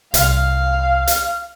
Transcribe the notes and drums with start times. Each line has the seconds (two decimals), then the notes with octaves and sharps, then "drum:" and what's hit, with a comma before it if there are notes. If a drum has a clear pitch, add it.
0.14 C2 F5, drum: hi-hat
1.07 drum: hi-hat